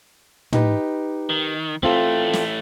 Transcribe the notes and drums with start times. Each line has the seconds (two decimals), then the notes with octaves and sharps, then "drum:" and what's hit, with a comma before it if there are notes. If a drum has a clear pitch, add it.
0.53 D#4 G4 B4, drum: tom
1.30 D#3
1.83 E3 A3 C4 F4 A4
2.33 drum: snare